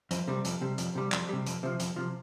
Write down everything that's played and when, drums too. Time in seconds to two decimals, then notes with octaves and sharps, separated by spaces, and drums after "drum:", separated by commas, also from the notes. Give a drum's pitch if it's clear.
0.11 F2, drum: hi-hat
0.28 C3 G3
0.45 F2, drum: hi-hat
0.61 C3 G3
0.78 F2, drum: hi-hat
0.95 C3 G3
1.12 F2, drum: clap
1.29 C3 G3
1.46 F2, drum: hi-hat
1.63 C3 F3
1.80 F2, drum: hi-hat
1.96 C3 F3